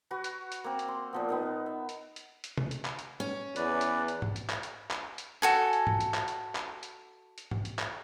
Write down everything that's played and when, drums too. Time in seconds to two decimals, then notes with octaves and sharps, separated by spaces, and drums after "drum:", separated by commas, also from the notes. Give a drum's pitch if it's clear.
0.11 F#4 B4 C#6
0.24 drum: hi-hat
0.52 drum: hi-hat
0.64 A#3 C4
0.79 drum: hi-hat
0.88 C6
1.13 A#2 F3 B3
1.29 B3 D#4 A#4
1.66 E5
1.89 drum: hi-hat
2.16 drum: hi-hat
2.44 drum: hi-hat
2.57 drum: tom
2.71 drum: hi-hat
2.85 drum: clap
2.99 drum: hi-hat
3.20 C#4
3.56 E2 B4 D5, drum: hi-hat
3.81 drum: hi-hat
4.08 drum: hi-hat
4.22 drum: tom G#2
4.36 drum: hi-hat
4.50 drum: clap
4.63 drum: hi-hat
4.91 drum: clap
5.18 drum: hi-hat
5.42 F#4 A4 G#5
5.73 drum: hi-hat
5.87 drum: tom G#2
6.00 drum: hi-hat
6.14 drum: clap
6.28 drum: hi-hat
6.55 drum: clap
6.83 drum: hi-hat
7.38 drum: hi-hat
7.51 drum: tom G#2
7.65 drum: hi-hat
7.79 drum: clap